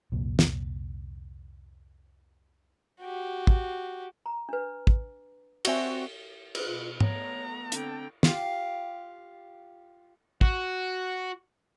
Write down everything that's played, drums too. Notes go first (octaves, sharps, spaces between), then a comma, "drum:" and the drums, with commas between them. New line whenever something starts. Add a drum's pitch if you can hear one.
C2 F2 A#2
drum: snare
F#4 G4
drum: kick
A#5
D4 B4
drum: kick
C4 F#4 D5 E5 G#5, drum: cymbal
drum: cymbal
B2 F4
A3 B3 C#5 A#5, drum: tom
D3 C4 G5, drum: hi-hat
F4 G4, drum: snare
F#4, drum: kick